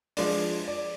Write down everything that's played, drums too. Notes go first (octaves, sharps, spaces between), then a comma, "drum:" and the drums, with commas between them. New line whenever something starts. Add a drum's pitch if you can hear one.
F3 G#3 D4, drum: open hi-hat
D5